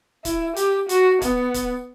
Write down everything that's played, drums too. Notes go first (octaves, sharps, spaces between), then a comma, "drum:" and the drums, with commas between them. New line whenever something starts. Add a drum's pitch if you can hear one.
E4, drum: kick C#1, hi-hat
G4, drum: hi-hat
F#4, drum: hi-hat
B3, drum: kick C#1, hi-hat
drum: kick C#1, hi-hat